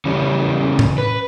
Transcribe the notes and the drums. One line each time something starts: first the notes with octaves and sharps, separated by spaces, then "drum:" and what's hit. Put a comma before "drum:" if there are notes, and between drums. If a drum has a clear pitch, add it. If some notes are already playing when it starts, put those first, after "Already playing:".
C#3 E3 G3 C#4
drum: tom A2
B4